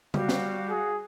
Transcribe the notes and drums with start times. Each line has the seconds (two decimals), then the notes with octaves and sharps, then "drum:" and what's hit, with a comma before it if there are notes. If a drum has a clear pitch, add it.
0.14 G3 F#4 F5, drum: tom C#3
0.29 drum: snare
0.70 G#4